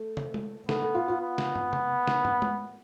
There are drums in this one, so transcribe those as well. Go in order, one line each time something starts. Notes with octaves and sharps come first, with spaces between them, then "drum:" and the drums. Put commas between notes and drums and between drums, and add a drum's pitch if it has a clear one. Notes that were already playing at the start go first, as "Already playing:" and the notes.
Already playing: A3
drum: tom
drum: tom
A3 B3, drum: snare
A3
F4
F4
B3
drum: snare
drum: tom
drum: tom
drum: snare
drum: tom
drum: tom